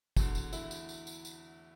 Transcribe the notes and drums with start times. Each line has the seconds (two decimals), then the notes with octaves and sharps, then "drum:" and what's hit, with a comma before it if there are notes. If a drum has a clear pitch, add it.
0.17 E2 D3 F#4, drum: kick, tambourine
0.35 drum: tambourine
0.53 E4, drum: tambourine
0.71 drum: tambourine
0.89 drum: tambourine
1.07 drum: tambourine
1.25 drum: tambourine